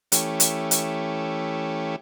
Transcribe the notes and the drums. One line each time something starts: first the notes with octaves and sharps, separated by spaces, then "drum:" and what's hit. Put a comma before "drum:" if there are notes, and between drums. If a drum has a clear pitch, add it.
E3 A3 C#4 G4, drum: hi-hat
drum: hi-hat
drum: hi-hat